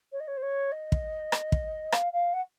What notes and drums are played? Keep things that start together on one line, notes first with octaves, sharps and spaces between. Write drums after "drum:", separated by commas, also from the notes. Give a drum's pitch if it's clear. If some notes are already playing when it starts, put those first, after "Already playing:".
C#5
D#5
C#5
C5
C#5
D#5
drum: kick
drum: rim click
drum: kick
F5, drum: rim click
F5
F#5